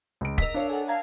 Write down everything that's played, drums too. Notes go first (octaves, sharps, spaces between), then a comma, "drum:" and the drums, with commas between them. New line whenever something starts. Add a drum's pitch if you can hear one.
C#2 D7
A#4 D#5 E6 B6, drum: kick
D4 C#5 F5
A4 F#5 G#5
F5 A5 A#5 G#6